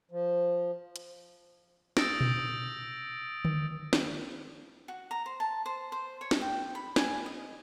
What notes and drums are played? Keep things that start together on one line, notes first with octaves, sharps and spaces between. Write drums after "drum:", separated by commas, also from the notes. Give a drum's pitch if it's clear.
F3
drum: hi-hat
D#6 E6 G6 A6 A#6 D7, drum: snare
drum: tom A#2
drum: tom D3
drum: snare
F#4
A#5
C5
A5
C5
C5
C#5
drum: snare
G5
B5
G#5, drum: snare
D#5